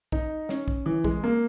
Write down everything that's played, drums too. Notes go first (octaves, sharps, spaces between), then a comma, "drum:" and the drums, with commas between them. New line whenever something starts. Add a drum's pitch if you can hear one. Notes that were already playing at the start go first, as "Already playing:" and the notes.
D#4, drum: kick
C#4, drum: snare
drum: kick
E3
G#3, drum: kick
A#3